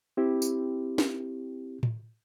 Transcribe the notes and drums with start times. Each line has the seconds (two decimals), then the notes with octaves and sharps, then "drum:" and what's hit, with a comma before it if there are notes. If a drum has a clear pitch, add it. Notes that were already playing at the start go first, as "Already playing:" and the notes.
0.17 C4 E4 G4
0.42 drum: tambourine
0.98 drum: snare
1.83 drum: tom A2